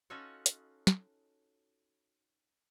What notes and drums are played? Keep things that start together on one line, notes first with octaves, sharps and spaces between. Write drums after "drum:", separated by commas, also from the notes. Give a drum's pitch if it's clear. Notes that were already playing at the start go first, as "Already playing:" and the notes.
C#4 D#4 F4 F#4 A4 C#5
drum: hi-hat
drum: snare